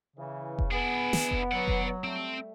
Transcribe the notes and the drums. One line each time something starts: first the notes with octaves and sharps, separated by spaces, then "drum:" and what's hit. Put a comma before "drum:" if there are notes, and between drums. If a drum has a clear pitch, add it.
C#3 E3
drum: kick F1
B3 D4 E4 G#4
drum: snare
drum: kick F1
F#3 D5 F#5
drum: kick F1
G3 A3 C4